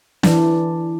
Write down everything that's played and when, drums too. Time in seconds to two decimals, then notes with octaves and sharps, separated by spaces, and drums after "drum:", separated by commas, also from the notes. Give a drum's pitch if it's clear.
0.23 E3 D4, drum: snare